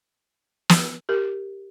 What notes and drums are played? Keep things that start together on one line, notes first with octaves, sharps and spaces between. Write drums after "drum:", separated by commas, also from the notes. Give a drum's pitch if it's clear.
drum: snare
G4 A#4